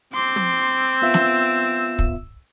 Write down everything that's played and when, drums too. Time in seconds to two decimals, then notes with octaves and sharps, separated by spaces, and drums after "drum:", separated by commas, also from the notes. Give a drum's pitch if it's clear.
0.13 C4 C6 D6
0.36 drum: tom
1.02 B3 F4 E5 E6
1.14 drum: snare
1.99 drum: kick